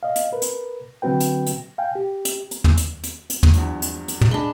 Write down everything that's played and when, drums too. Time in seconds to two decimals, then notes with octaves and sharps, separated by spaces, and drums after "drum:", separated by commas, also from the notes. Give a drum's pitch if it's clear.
0.03 D#5 F5
0.16 drum: hi-hat
0.33 A#4 B4
0.42 drum: hi-hat
1.02 D3 F#3 C4 F#4 B4 G5
1.20 drum: hi-hat
1.47 drum: hi-hat
1.78 F5 G5 G#5
1.95 G4
2.25 drum: hi-hat
2.51 drum: hi-hat
2.64 drum: tom
2.77 drum: hi-hat
3.04 drum: hi-hat
3.30 drum: hi-hat
3.43 drum: tom
3.54 E2 G2 F3, drum: hi-hat
3.82 drum: hi-hat
4.08 drum: hi-hat
4.21 drum: tom
4.31 G#3 D4 B5 G7